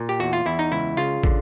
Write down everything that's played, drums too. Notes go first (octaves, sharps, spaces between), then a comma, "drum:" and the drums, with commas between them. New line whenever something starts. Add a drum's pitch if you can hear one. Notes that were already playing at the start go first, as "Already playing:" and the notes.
Already playing: A#2
G4
E2 F#4
F4
E2 E4
D#4
C#2 E4
C#3 F4
D3, drum: kick